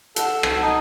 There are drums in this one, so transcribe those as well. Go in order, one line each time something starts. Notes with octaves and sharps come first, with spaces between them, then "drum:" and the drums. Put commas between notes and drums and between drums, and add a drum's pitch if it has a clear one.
A4 F#5, drum: hi-hat
drum: rim click
D#4 A5